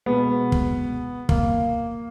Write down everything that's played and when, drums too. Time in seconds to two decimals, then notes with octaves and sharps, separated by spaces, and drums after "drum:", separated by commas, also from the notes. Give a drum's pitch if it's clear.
0.06 B2 G#3 B3
0.52 drum: kick
1.29 A#3, drum: kick